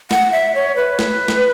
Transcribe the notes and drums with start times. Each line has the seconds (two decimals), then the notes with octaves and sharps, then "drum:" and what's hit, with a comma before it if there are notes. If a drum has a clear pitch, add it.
0.11 F#5, drum: snare
0.32 E5
0.55 C#5
0.76 B4
0.99 drum: snare
1.28 drum: snare